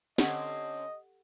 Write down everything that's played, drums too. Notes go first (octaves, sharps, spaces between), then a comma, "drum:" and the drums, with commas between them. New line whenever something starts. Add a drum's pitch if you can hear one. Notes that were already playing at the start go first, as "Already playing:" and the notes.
D3 C4 C#4 G4 A4 D#5 F#5, drum: snare